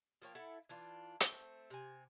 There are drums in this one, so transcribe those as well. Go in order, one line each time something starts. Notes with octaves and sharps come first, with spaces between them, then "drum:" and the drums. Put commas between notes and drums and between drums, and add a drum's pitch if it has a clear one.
F3 A#3 C#5 G5
E4 A4 E5 F#5
E3 D4 F4
A3 C4, drum: hi-hat
C3 G#5